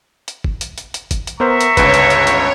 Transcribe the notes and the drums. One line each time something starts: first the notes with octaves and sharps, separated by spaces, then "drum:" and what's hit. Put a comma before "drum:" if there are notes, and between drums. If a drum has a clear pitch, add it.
drum: hi-hat
drum: kick
drum: hi-hat
drum: hi-hat
drum: hi-hat
drum: kick, hi-hat
drum: hi-hat
B3 A#4 C5 E5 A#5 C#6
drum: hi-hat
G1 C#2 B4 C#5, drum: kick, hi-hat
drum: hi-hat
drum: hi-hat
drum: hi-hat